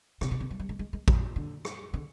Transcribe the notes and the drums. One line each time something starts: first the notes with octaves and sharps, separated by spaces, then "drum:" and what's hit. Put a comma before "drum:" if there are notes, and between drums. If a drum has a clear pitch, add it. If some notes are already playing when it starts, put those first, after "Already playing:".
C3, drum: rim click
B2
C3
F#3
G3
G#3
G#3
G#3
F#3, drum: kick A1
D3
drum: rim click
D3